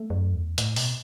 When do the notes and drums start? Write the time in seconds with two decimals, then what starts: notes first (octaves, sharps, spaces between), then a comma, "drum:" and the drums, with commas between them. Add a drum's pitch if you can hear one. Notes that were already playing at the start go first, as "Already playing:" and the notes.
Already playing: A3 A4
0.10 F#2
0.33 E2
0.58 A2, drum: hi-hat
0.76 B2, drum: open hi-hat